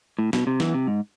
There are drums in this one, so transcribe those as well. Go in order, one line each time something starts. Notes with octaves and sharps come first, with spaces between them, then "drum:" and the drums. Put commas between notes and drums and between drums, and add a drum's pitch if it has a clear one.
A2
B2, drum: snare
C3
E2 E3, drum: snare
C3
G#2